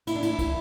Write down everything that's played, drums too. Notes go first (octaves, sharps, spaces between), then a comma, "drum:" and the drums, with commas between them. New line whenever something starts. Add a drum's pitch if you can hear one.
E4, drum: cymbal
D4
E4, drum: cymbal
drum: kick, cymbal